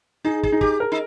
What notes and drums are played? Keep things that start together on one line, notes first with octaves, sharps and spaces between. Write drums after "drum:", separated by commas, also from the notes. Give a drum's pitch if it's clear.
D#4 G#4
G#4, drum: kick
D#4
G4, drum: kick
A#4
D#4